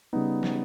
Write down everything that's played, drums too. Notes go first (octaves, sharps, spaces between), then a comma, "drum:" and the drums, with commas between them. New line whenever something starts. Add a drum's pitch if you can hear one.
C#3 G3 B3 D#4
drum: snare